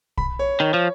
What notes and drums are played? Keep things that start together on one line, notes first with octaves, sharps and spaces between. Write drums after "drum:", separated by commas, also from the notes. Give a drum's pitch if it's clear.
B5, drum: kick B1
C#5
D#3 C#5
F3